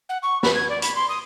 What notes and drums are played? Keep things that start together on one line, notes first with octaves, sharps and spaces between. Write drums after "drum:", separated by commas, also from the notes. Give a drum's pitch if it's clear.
F#5
C#6
B5, drum: snare
G#6
D5
B5, drum: hi-hat
C6
D#6